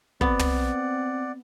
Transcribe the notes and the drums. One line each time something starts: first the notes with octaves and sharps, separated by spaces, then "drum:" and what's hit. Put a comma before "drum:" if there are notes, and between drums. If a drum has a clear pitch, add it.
B3 C4 D5 F#5, drum: kick
drum: tom